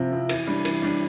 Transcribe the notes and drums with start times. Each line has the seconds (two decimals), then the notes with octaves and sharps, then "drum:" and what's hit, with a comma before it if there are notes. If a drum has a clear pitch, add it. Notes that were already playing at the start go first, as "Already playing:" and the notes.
Already playing: C3 F3 C4 E4
0.11 F3 C4 E4
0.29 E3, drum: cymbal
0.47 G3 D4
0.65 E3, drum: cymbal
0.82 G3 D4